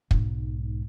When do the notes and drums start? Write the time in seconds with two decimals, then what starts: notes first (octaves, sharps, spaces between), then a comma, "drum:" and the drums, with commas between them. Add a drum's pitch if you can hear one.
0.11 B1 G#2, drum: kick